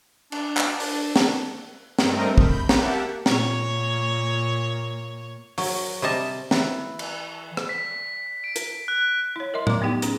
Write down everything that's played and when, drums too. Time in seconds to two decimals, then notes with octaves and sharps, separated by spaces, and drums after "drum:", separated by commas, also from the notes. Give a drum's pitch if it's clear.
0.32 D4, drum: cymbal
0.57 drum: clap
0.80 drum: open hi-hat
1.16 drum: snare
1.99 G2 A3 C4 A#4 D#5, drum: snare
2.38 B5 G6, drum: kick
2.69 A#3 G4 E5 F#5 A5, drum: snare
3.26 A#2 A#3 C#5, drum: snare
5.58 F#3, drum: open hi-hat
6.02 C3 G3 D#5 A5
6.51 E3, drum: snare
6.99 drum: cymbal
7.57 drum: rim click
7.69 B6
8.44 D7
8.56 drum: hi-hat
8.88 F#6
9.36 E4 C#5
9.54 A#4 D#5 E5 C6
9.67 A3 D5 A#5 D6, drum: tom A2
9.81 F#3 B3 D#4 E4 G4 G5
10.02 C#4 G#4, drum: hi-hat